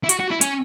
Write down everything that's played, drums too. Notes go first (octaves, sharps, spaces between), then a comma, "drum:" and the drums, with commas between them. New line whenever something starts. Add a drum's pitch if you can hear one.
E4
F#4, drum: hi-hat
F#4
E4
C#4, drum: hi-hat